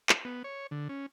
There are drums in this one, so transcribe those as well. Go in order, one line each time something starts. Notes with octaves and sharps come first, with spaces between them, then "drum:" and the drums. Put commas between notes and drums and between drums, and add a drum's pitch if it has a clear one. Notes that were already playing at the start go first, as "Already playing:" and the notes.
drum: clap
B3
C#5
D3
C#4